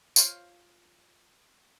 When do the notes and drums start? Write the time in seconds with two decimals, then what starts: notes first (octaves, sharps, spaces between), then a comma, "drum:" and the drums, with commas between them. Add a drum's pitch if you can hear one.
0.16 F4 C5 C#5 F5, drum: tambourine